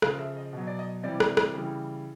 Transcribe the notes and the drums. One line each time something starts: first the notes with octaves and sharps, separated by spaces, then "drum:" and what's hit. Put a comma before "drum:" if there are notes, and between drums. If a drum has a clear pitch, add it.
C#3 F3 F5, drum: rim click
E5
D#5
B2 F#3
D5
D#5
C3 E3 G3 D5
drum: rim click
drum: rim click
C#3 E3 G3